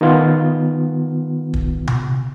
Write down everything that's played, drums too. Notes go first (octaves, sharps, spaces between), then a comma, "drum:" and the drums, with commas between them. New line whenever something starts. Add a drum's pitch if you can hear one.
D#3 B3 F4
drum: kick
drum: tom C3